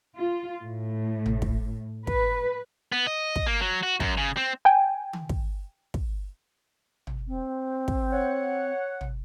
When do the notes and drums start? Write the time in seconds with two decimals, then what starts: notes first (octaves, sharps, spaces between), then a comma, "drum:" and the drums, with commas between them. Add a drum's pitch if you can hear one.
0.16 F4
0.62 A2
1.26 drum: tom
1.42 drum: kick
2.07 B4, drum: kick
2.92 B3
3.07 D#5
3.36 drum: kick
3.47 A#3
3.61 F#3
3.83 F#4
4.00 F#2, drum: kick
4.18 C#3
4.37 C4
4.65 G5 G#5
5.13 drum: tom D#3
5.29 drum: kick
5.94 drum: kick
7.07 drum: tom
7.28 C4
7.88 drum: kick
8.12 C#5 F#5
9.01 drum: tom